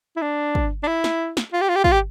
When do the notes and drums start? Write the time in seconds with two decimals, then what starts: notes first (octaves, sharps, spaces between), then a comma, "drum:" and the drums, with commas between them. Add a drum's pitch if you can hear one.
0.16 E4
0.22 D4
0.55 drum: kick
0.83 D4
0.87 E4
1.04 drum: snare
1.37 drum: snare
1.53 F4
1.61 G4
1.69 F4
1.76 G4
1.84 F4, drum: kick
1.92 G4